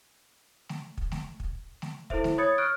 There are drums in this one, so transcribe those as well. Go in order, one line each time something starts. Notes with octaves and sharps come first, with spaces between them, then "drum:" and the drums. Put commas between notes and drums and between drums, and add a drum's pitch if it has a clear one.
drum: snare
drum: kick
drum: snare
drum: kick
drum: snare
E4 A4 C5 E5, drum: kick
drum: snare
C#5 B5 D#6 G#6 A6 C#7
C#6 F6 F#6 D7